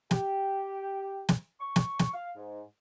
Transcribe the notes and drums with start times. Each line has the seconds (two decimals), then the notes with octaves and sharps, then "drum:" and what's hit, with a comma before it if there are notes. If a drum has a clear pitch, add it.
0.11 G4, drum: snare
1.29 drum: snare
1.60 C#6
1.76 drum: snare
1.99 drum: snare
2.13 F5
2.36 G#2